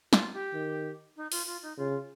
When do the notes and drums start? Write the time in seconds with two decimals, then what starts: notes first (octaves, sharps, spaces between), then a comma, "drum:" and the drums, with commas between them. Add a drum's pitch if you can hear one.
0.13 F4, drum: snare
0.34 G4
0.54 D#3
1.17 D#4
1.32 F4, drum: open hi-hat
1.46 F4
1.62 D#4
1.77 C#3 F4